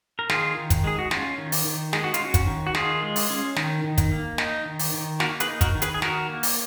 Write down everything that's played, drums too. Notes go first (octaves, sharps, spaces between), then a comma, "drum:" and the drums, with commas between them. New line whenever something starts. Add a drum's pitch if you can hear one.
A#4
D#3 F4 G#4, drum: snare
D#3
drum: kick, hi-hat
G#3 G#4
F#4
C#4 F4, drum: snare
D#3
drum: open hi-hat
D#3
G#3 G#4, drum: snare
F#4
F4, drum: hi-hat
C#4 F#4
drum: kick, hi-hat
D#3
F#4
D#3 F4 G#4, drum: snare
G#3
drum: open hi-hat
C#4
D#3, drum: snare
D#3
drum: kick, hi-hat
A#3
D#4, drum: snare
D#3
drum: open hi-hat
D#3
A#3 F#4 A#4, drum: snare
G#4 B4, drum: hi-hat
D#4
F#4 A#4, drum: kick, hi-hat
D#3
G#4 B4, drum: hi-hat
G#4
D#3 F#4 A#4, drum: snare
A#3
drum: open hi-hat